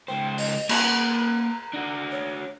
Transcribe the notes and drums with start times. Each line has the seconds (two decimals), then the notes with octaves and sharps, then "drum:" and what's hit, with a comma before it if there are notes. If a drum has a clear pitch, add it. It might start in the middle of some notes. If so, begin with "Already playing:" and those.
0.08 C#2 C5 G5
0.38 D#5, drum: open hi-hat
0.69 A#3 F#5 A#5, drum: cymbal
1.73 D4 F#4
2.12 C#5